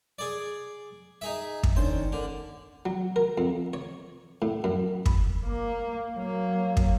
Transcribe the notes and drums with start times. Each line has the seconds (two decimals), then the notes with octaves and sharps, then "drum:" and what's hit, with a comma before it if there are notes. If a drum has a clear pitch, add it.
0.19 G#4 D5
1.21 D#4 G#4 E5
1.63 drum: kick
1.76 D#3 C#4 D4 C5
2.12 D3 A#3
2.85 F#3
3.16 A#4
3.38 F2
3.73 C#5
4.42 A2
4.64 F#2
5.06 B5, drum: kick
5.45 A#3
6.16 F#3 A#3
6.77 drum: kick